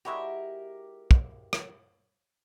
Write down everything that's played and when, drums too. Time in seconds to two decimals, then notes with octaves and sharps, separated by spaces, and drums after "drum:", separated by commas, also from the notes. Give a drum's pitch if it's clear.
0.05 G#3 E4 F#4 G4 A#4 E5
1.11 drum: kick
1.53 drum: rim click